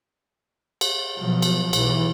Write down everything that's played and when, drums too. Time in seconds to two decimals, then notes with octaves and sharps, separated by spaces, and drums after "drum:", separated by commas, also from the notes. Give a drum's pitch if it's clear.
0.81 drum: cymbal
1.16 B2 F3 F#3
1.42 drum: cymbal
1.73 B1 E3, drum: cymbal